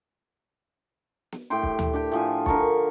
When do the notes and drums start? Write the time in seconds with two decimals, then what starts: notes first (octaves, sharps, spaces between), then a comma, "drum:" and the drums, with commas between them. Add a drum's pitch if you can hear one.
1.32 drum: snare
1.50 A2 G4 G5 C6
1.63 drum: kick
1.79 drum: tom D2
1.93 D4 G4 G5
2.12 A2 F3 G#5
2.46 D3 A#4 A5 C#6, drum: kick